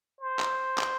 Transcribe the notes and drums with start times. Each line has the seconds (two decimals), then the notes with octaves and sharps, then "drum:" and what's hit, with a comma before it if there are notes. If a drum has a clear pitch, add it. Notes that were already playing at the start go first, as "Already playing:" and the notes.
0.20 C5
0.39 drum: clap
0.78 drum: clap